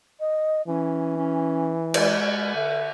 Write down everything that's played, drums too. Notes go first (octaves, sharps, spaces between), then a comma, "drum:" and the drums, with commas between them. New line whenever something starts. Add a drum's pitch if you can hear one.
D#5
E3 C#4 G#5
C#4
G#3, drum: cymbal
D3 E5